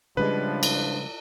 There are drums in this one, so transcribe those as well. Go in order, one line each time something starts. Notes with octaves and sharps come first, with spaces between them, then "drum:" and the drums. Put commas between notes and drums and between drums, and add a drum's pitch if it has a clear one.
A2 C#3 F3 G3 G#3 D4 B4
drum: cymbal